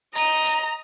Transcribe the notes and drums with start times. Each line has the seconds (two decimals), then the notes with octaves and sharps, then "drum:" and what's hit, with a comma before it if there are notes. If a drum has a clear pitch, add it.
0.15 D#5 A#5 D#7, drum: hi-hat
0.44 drum: hi-hat